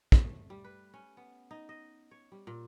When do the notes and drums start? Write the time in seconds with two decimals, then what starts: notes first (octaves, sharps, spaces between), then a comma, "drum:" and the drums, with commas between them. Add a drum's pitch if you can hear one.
0.12 A3, drum: kick
0.50 G3
0.64 B4
0.94 C#4
1.17 B3
1.51 D#4
1.69 D#5
2.11 C#5
2.32 G3
2.47 A#2